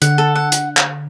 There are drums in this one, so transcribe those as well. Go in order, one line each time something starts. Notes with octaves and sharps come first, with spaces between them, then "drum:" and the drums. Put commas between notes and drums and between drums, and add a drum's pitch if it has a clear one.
D3 F#5, drum: hi-hat
A4
F#5
drum: hi-hat
drum: clap